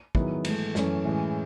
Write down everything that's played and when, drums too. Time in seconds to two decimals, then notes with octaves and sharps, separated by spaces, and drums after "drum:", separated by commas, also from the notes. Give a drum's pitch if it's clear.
0.15 D#3 F#3 B3 E4 G#4, drum: kick
0.45 G#2 E3 A3, drum: cymbal
0.75 F#2 E3 A3 C#4, drum: snare
1.05 A2 E3 G#3 C#4